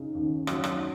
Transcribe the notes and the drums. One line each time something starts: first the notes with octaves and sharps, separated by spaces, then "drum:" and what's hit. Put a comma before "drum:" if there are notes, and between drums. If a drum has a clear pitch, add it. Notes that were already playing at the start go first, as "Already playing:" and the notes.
Already playing: C#3 D#4
D#2
F#3, drum: rim click
drum: rim click